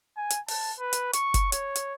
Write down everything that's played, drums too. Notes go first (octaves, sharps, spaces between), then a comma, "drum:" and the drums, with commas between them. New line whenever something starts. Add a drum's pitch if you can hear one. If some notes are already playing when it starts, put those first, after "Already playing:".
G#5
drum: hi-hat
A5, drum: open hi-hat
B4
drum: hi-hat
C#6, drum: hi-hat
drum: kick F#1, hi-hat
C#5, drum: hi-hat
drum: hi-hat